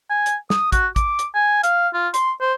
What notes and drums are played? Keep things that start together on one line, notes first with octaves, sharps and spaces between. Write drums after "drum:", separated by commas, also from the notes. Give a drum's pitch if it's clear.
G#5
drum: hi-hat
D#6, drum: snare
F#4, drum: kick, hi-hat
D6, drum: kick, hi-hat
drum: hi-hat
G#5
F5, drum: hi-hat
F4
C6, drum: hi-hat
C5